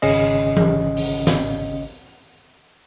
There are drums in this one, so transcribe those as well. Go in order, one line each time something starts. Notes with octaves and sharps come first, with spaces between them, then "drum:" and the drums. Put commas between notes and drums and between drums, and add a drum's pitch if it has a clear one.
G#1 C#3 C#4 D#5, drum: cymbal
drum: tom E3
drum: open hi-hat
drum: snare